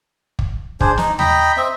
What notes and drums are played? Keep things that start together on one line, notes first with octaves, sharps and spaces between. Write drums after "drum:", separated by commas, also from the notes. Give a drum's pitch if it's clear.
drum: kick
D4 G#4 C5, drum: kick
D#4, drum: snare
D#5 G5 A#5 B5, drum: tom D#2
C4 D#5 E5